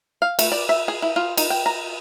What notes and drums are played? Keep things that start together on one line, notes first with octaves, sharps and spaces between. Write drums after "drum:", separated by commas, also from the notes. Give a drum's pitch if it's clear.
F5
A3, drum: cymbal
D5
E5
G#4
E4
F4
D#4, drum: cymbal
G5
A#5